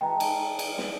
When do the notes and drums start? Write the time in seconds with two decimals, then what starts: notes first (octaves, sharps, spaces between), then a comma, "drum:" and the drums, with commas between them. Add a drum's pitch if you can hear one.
0.01 E3 G#3 G5 A5 A#5
0.20 drum: cymbal
0.59 drum: cymbal
0.78 drum: snare